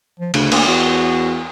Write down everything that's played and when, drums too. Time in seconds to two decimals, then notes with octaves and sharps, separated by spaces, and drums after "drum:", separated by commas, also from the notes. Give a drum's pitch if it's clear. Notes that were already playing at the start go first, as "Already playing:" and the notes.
0.20 F3
0.34 D2 C#3, drum: cymbal
0.52 A#3, drum: cymbal
0.67 E2 F#4